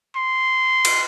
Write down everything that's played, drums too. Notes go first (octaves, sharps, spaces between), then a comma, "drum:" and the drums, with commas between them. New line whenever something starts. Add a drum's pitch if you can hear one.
C6
drum: cymbal